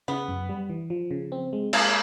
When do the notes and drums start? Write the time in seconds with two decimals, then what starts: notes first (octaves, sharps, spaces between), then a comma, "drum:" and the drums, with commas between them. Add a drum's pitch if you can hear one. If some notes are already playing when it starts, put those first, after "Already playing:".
0.08 C#3 B3
0.28 F#2
0.49 G3
0.70 E3
0.90 F3
1.11 C#3
1.32 C4
1.53 G#3
1.73 G#3 A#3, drum: cymbal